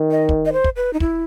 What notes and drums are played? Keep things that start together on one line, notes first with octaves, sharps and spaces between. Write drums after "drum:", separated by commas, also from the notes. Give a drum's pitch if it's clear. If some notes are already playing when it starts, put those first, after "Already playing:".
Already playing: D#3
D#5
drum: kick
D#5
C5
drum: kick
B4
D#4
E4, drum: kick